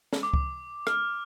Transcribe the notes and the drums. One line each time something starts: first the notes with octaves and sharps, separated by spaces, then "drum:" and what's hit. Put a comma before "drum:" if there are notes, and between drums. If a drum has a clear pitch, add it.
drum: snare
D6
drum: kick C#2
F6, drum: rim click